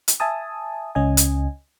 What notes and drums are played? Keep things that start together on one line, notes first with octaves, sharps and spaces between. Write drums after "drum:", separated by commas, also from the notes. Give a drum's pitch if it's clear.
drum: hi-hat
E5 G#5 A5 D#6
C#2 C#4 D#5 G#5
drum: hi-hat